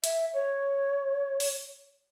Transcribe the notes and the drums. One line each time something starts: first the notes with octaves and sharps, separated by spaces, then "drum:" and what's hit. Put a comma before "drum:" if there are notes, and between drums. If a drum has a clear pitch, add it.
E5, drum: hi-hat
C#5
drum: open hi-hat